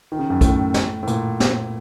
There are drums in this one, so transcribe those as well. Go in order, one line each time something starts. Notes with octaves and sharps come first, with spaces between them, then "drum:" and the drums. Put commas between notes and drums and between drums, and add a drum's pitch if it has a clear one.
D#3
C#3
F#2
A2, drum: kick, hi-hat
drum: snare
A2
A#2, drum: hi-hat
drum: snare